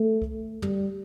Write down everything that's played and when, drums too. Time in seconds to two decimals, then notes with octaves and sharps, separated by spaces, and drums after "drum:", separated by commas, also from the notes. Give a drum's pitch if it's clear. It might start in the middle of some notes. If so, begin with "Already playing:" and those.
Already playing: A3
0.22 drum: kick
0.62 G3, drum: tom